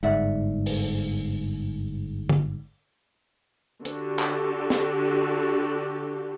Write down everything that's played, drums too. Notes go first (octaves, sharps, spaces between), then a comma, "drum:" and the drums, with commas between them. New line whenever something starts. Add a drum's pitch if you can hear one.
G1 G#2 D5 E5 F#5
drum: open hi-hat
drum: tom
D3 F#4 G4, drum: hi-hat
drum: clap
drum: snare